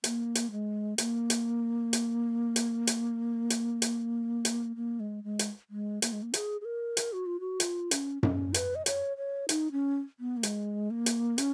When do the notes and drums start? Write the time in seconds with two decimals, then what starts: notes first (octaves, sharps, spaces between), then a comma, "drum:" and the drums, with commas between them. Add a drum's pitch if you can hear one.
0.04 A#3, drum: hi-hat
0.35 drum: hi-hat
0.51 G#3
0.98 A#3, drum: hi-hat
1.30 drum: hi-hat
1.93 drum: hi-hat
2.56 drum: hi-hat
2.87 drum: hi-hat
3.50 drum: hi-hat
3.82 drum: hi-hat
4.45 drum: hi-hat
4.76 A#3
5.00 G#3
5.24 G#3
5.39 drum: hi-hat
5.70 G#3
6.02 A#3, drum: hi-hat
6.12 G#3
6.23 A#3
6.34 G#4, drum: hi-hat
6.61 G#4
6.65 A#4
6.97 drum: hi-hat
7.13 F#4
7.26 F4
7.40 F#4
7.60 F4, drum: hi-hat
7.91 C#4, drum: hi-hat
8.23 C#4, drum: tom F#2
8.54 B4, drum: hi-hat
8.75 D#5
8.86 C#5, drum: hi-hat
9.17 C#5
9.49 D#4, drum: hi-hat
9.72 C#4
10.20 B3
10.37 A#3
10.43 G#3, drum: hi-hat
10.91 A#3
11.06 drum: hi-hat
11.38 C#4, drum: hi-hat